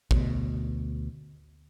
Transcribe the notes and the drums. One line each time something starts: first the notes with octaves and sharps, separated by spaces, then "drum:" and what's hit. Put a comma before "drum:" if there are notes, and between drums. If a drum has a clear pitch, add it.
D2 B2, drum: kick A1